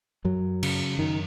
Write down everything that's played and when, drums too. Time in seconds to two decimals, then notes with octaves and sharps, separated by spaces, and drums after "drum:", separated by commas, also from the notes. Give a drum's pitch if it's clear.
0.25 F#2 F#3
0.63 C#3, drum: cymbal
0.99 F#2 D#3